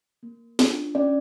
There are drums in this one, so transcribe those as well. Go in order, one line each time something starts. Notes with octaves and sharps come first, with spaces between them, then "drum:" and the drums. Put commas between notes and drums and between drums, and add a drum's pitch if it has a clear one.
A#3
D4 F4, drum: snare
C#4 D5